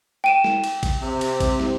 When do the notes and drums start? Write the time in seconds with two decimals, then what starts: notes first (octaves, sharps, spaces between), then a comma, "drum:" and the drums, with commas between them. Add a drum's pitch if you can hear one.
0.24 G5 D#7 E7
0.44 drum: snare
0.64 drum: cymbal
0.83 drum: kick A1, cymbal
1.02 C3
1.21 drum: cymbal
1.40 drum: kick A1, cymbal
1.60 drum: snare